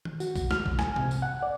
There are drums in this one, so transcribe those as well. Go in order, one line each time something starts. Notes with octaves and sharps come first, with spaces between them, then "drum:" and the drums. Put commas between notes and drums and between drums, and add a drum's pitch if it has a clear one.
drum: tom D#3
F#4, drum: tambourine
drum: kick B1, tambourine
F6, drum: snare
drum: kick B1
G#5, drum: snare
C3, drum: tom G#2
drum: tambourine
F#5
D5